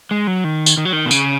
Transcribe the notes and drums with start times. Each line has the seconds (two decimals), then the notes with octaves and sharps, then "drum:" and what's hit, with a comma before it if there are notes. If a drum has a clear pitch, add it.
0.11 G#3
0.27 F#3
0.44 D#3
0.66 drum: tambourine
0.77 D#3
0.85 F#3
0.93 D#3
1.06 B2
1.11 C#3, drum: tambourine